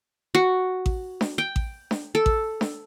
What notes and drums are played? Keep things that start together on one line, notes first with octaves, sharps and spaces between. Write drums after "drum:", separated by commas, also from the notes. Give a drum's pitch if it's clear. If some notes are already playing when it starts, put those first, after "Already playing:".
F#4
drum: kick A1
drum: snare D4
G5
drum: kick A1
drum: snare D4
A4
drum: kick A1
drum: snare D4